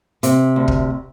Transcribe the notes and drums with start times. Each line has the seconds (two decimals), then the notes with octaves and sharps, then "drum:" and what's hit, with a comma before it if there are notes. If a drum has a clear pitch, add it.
0.23 C3, drum: hi-hat
0.56 D2
0.68 drum: kick